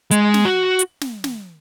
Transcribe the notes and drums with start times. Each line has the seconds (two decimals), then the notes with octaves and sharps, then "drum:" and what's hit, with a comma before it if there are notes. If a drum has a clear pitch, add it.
0.11 G#3, drum: hi-hat
0.34 drum: snare
0.45 F#4
0.79 drum: hi-hat
1.01 drum: snare
1.24 drum: snare